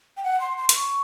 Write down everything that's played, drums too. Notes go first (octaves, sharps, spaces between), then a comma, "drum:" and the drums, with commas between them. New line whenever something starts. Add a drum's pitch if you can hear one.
G5
F#5
C6
C6
C6, drum: hi-hat
C#6